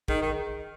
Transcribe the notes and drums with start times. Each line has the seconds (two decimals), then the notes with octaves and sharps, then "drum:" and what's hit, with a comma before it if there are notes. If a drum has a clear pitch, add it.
0.08 D#3 G#4, drum: kick
0.21 D#3